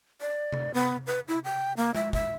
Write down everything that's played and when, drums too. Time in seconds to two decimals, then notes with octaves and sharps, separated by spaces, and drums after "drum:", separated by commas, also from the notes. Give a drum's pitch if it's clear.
0.21 D5
0.52 drum: tom C3
0.74 B3
1.07 B4
1.28 E4
1.44 G5
1.77 A#3
1.95 E5, drum: tom G#3
2.13 E5, drum: kick